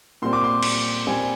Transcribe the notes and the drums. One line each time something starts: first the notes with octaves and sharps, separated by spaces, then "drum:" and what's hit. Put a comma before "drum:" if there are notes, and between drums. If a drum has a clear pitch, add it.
A#2 G3 C4 C6
D6
C6
drum: cymbal
A#2 G3 C4 G#5